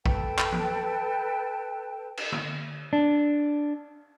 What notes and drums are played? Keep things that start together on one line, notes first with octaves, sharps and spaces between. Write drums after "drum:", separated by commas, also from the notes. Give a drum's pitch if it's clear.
A4 B4 G5 A5, drum: kick A1
drum: clap
drum: tom E3
drum: cymbal
drum: tom
D4